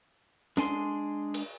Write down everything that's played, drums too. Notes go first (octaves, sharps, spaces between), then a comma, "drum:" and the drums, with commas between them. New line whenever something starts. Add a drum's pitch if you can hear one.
G#3 D4 G#5 C6, drum: snare
drum: cymbal